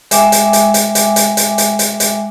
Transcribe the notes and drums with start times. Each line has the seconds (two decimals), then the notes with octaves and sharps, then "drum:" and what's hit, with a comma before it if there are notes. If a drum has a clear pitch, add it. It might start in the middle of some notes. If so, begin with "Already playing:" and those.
0.11 G#3 E5 G5 G#5 D6, drum: hi-hat
0.32 drum: hi-hat
0.53 drum: hi-hat
0.74 drum: hi-hat
0.95 drum: hi-hat
1.16 drum: hi-hat
1.37 drum: hi-hat
1.58 drum: hi-hat
1.79 drum: hi-hat
2.00 drum: hi-hat